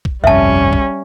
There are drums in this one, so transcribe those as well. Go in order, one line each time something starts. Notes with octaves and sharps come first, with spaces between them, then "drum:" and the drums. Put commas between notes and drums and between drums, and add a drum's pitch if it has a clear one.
drum: kick
G1 C2 F2 G3 C#4 E5 A5
drum: kick